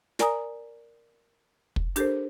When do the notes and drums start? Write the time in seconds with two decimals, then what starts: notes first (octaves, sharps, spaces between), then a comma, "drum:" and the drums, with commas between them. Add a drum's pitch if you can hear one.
0.19 A#4 D5 G#5 A#5 D#6, drum: snare
1.76 drum: kick
1.96 D4 G4 A4 A#4 C5, drum: hi-hat